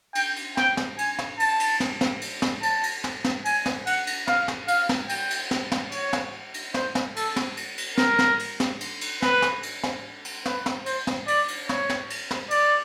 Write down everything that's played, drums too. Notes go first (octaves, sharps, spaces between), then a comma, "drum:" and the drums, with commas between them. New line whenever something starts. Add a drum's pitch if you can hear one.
G5, drum: cymbal
drum: cymbal
G5, drum: snare
drum: snare
G#5, drum: cymbal
drum: snare
A5, drum: cymbal
drum: cymbal
drum: snare
drum: snare
drum: cymbal
drum: snare
A5, drum: cymbal
drum: cymbal
drum: snare
drum: snare
G#5, drum: cymbal
drum: snare
F#5, drum: cymbal
drum: cymbal
F5, drum: snare
drum: snare
F5, drum: cymbal
drum: snare
G5, drum: cymbal
drum: cymbal
drum: snare
drum: snare
C#5, drum: cymbal
drum: snare
drum: cymbal
C5, drum: snare
drum: snare
A4, drum: cymbal
drum: snare
drum: cymbal
drum: cymbal
A#4, drum: snare
drum: snare
drum: cymbal
drum: snare
drum: cymbal
drum: cymbal
B4, drum: snare
drum: snare
drum: cymbal
drum: snare
drum: cymbal
B4, drum: snare
drum: snare
C5, drum: cymbal
drum: snare
D5, drum: cymbal
drum: cymbal
C#5, drum: snare
drum: snare
drum: cymbal
drum: snare
D5, drum: cymbal